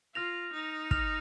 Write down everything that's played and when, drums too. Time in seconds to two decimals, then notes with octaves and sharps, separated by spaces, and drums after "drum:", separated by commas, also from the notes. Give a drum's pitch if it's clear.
0.15 F4 F6 A#6 F7
0.53 D#4
0.91 F6 A#6 F7, drum: kick